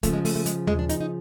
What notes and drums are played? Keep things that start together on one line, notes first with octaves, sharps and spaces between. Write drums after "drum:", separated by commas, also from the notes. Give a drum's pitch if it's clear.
C#3 F3 A3, drum: kick, hi-hat
G#3
A3, drum: open hi-hat
A3
G#3, drum: hi-hat
G#3, drum: tom D#2
D4
D#4, drum: hi-hat
D#4